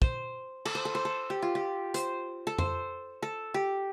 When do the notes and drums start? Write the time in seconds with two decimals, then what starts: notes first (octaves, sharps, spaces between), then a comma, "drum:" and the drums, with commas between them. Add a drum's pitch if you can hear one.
0.02 C5, drum: kick
0.65 A4, drum: cymbal
0.75 C5
0.85 A4
0.95 C5
1.05 A4
1.30 G4
1.42 F4
1.55 G4
1.94 C5, drum: hi-hat
2.47 A4
2.58 C5, drum: tom F2
3.22 A4
3.54 G4